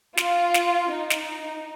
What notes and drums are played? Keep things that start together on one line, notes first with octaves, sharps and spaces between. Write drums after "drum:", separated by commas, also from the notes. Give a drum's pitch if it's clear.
F4, drum: snare
drum: snare
D#4
drum: snare